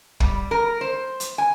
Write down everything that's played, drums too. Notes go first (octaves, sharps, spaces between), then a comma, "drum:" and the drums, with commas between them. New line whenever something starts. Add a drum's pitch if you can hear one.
G3, drum: kick
A#4
C5
drum: hi-hat
G#5